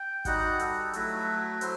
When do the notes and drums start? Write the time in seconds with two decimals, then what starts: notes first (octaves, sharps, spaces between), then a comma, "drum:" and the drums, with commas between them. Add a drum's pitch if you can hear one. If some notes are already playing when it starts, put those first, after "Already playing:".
Already playing: G5
0.25 G3 D#4 F#4 F#5, drum: kick G#1, hi-hat
0.59 A4, drum: hi-hat
0.93 F#3 A3 E4 F#4, drum: hi-hat
1.61 F#3 C5, drum: hi-hat